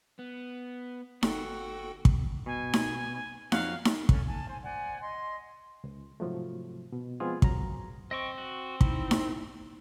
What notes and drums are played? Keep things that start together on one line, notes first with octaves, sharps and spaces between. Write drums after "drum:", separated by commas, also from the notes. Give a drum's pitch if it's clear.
B3
G1 F#4 A4 G5, drum: snare D#4
drum: kick
B2 G#5
drum: snare D#4
F2 F#3 F5 F#5, drum: snare D#4
drum: snare D#4
C#4 A4, drum: kick
G#5 A5
C5 G#5
C5 D5 F#5 G#5
D#5 C6
C#2
G#2 C3 F3 F#3 A3
B2
F3 G#3 B3 C4 F4 G#4
F#2 F#3 A#5, drum: kick
C4 D#5 G5 C#6
F#4
D#4 E4, drum: kick
drum: snare D#4